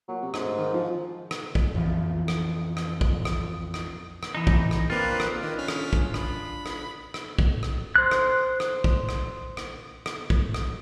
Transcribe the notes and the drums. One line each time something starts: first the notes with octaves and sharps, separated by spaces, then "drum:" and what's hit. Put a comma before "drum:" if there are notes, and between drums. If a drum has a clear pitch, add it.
A#2 F#3
C3
D2 G#2, drum: rim click
D#3
F3
drum: rim click
drum: kick A#1
F2 E3 F3
drum: rim click
drum: rim click
drum: kick A#1
drum: rim click
drum: rim click
drum: rim click
E3 D#4
drum: kick A#1
drum: rim click
A#3 C4 D4 F4 B4
drum: rim click
D#3
C#4 F6 B6
drum: rim click
drum: kick A#1
B5, drum: rim click
drum: rim click
drum: rim click
drum: kick A#1
drum: rim click
C5 F#6
drum: rim click
drum: rim click
drum: kick A#1
drum: rim click
drum: rim click
drum: rim click
drum: kick A#1
drum: rim click